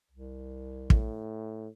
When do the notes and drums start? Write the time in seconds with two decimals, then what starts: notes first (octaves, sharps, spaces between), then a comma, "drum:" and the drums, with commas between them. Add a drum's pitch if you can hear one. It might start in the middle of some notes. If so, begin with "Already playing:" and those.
0.11 C2
0.90 A2, drum: kick